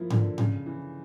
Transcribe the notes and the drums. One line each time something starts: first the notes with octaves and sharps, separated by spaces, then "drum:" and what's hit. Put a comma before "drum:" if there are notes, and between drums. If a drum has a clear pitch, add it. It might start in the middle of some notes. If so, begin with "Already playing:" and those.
Already playing: F3 A#3 E4
D3, drum: tom G#2
C#3, drum: tom G#2
E3